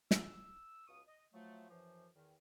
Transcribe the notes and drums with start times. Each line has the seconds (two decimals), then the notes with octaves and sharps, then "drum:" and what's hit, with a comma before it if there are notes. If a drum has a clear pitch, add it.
0.11 E6, drum: snare
0.87 C#2 B2 F5 C#6 D#6
1.07 D#5
1.33 F3 F#3 A3
1.69 F#2 E3 F3
2.15 E2 D#3